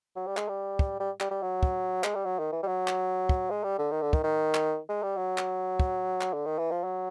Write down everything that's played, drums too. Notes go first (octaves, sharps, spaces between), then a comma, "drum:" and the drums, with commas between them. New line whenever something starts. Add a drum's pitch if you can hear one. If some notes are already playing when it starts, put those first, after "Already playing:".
F#3
G3
G#3, drum: clap
G3
drum: kick
G3
G3, drum: clap
G3
F#3
drum: kick
G#3, drum: clap
G3
F#3
D#3
E3
G3
F#3
drum: clap
drum: kick
G#3
G3
D3
D#3
D3
D#3, drum: kick
D#3
drum: clap
G#3
G3
F#3
drum: clap
drum: kick
drum: clap
D3
D#3
E3
F3
F#3